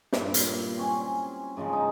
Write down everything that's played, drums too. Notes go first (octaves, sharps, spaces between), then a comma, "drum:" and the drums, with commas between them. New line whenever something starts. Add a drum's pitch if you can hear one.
G2 A#2 E4, drum: snare
drum: hi-hat
C4 C#4 G#5
G#2 C#3 F3 G#3
D#4